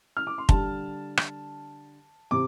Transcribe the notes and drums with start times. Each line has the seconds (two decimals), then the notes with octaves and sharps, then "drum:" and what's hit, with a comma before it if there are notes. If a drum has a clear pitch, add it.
0.17 F6
0.27 D6
0.38 C6
0.49 D3 G3 A5, drum: kick
1.17 drum: rim click
2.31 C3 D6